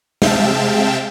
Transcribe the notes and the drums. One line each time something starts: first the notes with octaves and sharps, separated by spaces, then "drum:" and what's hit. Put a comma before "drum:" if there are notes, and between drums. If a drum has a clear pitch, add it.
C3 G#3 E5 F5 G5 A5, drum: snare